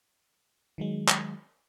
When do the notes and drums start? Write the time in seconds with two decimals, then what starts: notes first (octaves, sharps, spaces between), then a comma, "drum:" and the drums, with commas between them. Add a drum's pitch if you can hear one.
0.78 D#3 F#3 G#3
1.08 drum: clap